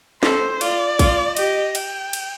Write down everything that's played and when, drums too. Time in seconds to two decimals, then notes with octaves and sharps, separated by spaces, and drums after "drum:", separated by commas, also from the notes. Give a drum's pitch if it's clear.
0.23 A4 C5, drum: snare
0.61 F4 D5, drum: cymbal
0.99 F4, drum: kick A1, cymbal
1.37 G4 D#5, drum: cymbal
1.75 G5, drum: cymbal
2.13 drum: cymbal